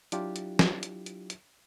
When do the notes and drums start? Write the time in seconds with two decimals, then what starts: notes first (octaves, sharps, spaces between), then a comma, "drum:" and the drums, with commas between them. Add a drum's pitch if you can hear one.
0.12 F#3 D4 E4 F4 G4, drum: hi-hat
0.36 drum: hi-hat
0.59 drum: snare
0.83 drum: hi-hat
1.06 drum: hi-hat
1.30 drum: hi-hat